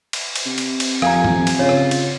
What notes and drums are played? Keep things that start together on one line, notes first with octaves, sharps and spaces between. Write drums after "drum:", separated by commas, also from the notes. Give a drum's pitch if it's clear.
drum: cymbal
drum: cymbal
C3
drum: cymbal
drum: cymbal
F2 F5 G#5 A#5, drum: rim click
drum: tom
drum: cymbal
C#3 F4 C#5
drum: rim click
drum: cymbal